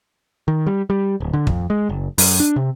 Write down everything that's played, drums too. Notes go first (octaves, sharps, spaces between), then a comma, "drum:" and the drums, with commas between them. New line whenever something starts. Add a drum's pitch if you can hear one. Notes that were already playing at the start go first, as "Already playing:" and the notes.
D#3
G3
G3
D1
D3
F2, drum: kick
G#3
F#1
F#2, drum: open hi-hat
D4
C3